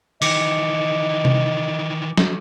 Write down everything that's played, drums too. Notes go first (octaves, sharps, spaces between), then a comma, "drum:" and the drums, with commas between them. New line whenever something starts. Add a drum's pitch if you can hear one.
D#3 E3 D#5 D6 C#7 D7, drum: open hi-hat
drum: tom C3
drum: snare